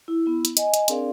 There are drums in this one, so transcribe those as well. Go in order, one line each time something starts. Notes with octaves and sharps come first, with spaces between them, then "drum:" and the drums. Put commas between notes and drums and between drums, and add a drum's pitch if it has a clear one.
E4
B3 E4
drum: hi-hat
D#5 G#5, drum: hi-hat
drum: hi-hat
C4 D4 G#4 A#4 D5 F5, drum: hi-hat